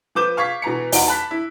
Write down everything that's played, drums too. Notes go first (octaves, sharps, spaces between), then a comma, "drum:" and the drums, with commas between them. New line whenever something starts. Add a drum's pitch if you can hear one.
F3 B4 D6 G6 E7
F5 C#6 G#6 B6
B2 E3 A#5 C#7
E2 D#4 F#4 G7, drum: open hi-hat
A5 B5 F#6 B6
E4